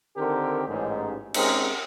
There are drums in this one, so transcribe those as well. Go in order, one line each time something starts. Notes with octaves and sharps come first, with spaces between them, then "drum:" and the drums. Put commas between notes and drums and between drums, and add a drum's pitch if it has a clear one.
D3 D#3 C4 G4 A#4
A1 G#2
G#3 C4 C#4 D#4 G#4 A#4, drum: cymbal